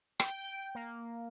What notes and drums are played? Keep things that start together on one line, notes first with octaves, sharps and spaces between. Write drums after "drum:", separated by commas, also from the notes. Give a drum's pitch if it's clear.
G5, drum: rim click
A#3